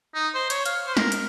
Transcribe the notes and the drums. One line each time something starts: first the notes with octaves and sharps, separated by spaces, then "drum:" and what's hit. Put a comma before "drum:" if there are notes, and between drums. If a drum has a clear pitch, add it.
D#4
C5
C#5, drum: hi-hat
F5, drum: hi-hat
C5
A#4, drum: snare
drum: hi-hat